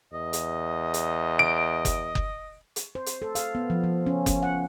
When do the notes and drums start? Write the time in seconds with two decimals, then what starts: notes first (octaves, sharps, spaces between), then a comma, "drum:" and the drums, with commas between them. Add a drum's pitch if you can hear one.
0.13 E2 D#5
0.33 drum: hi-hat
0.94 drum: hi-hat
1.39 D7
1.85 drum: kick F#1, hi-hat
2.15 drum: kick F#1
2.76 drum: hi-hat
2.95 C5
3.06 drum: hi-hat
3.22 A4
3.35 F5, drum: hi-hat
3.55 B3
3.70 F3
3.84 F3
4.06 C#4
4.26 C#4, drum: kick F#1, hi-hat
4.43 F#5